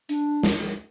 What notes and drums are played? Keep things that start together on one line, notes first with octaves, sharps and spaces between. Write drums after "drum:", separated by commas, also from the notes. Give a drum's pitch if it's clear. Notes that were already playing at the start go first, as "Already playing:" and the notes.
D4, drum: hi-hat
drum: snare